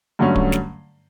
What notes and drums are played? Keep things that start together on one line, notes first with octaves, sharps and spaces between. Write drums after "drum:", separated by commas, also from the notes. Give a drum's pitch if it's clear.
G2 D3 F#3 A3 C#4
drum: kick D1
drum: snare